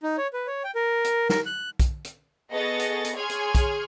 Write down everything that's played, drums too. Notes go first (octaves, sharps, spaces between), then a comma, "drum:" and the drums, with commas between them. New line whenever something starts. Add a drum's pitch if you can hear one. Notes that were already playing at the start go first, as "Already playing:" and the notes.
D#4
C#5
B4
C#5
G5
A#4
drum: hi-hat
A#4, drum: snare
F#6
drum: kick, hi-hat
drum: hi-hat
B3 G#4 A4 D#5 C#6 A6
drum: hi-hat
drum: hi-hat
G#4 C#5 G#5 C6 F6 G#6
drum: hi-hat
drum: kick, hi-hat